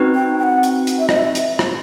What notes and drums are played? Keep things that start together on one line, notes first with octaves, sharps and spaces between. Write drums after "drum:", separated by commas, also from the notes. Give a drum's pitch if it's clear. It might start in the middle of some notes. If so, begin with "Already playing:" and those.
Already playing: C4 D#4 F#4 B4
G5
G5
F#5
drum: hi-hat
drum: hi-hat
E5
D#5, drum: rim click
E5
drum: hi-hat
drum: rim click